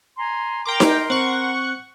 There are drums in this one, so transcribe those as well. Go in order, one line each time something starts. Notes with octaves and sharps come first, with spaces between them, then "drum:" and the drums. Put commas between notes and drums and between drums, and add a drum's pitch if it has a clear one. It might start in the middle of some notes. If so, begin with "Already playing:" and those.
G#5 A#5 C6
A#4 G5 A#5 C6 D6
drum: snare D#4
C4 F#5 C#6